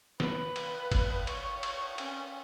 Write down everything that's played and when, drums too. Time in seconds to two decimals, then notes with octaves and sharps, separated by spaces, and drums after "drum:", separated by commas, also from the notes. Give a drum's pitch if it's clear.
0.20 B4, drum: snare
0.56 drum: cymbal
0.92 drum: kick G1, cymbal
1.27 C#5, drum: cymbal
1.63 drum: cymbal
1.98 C#4, drum: cymbal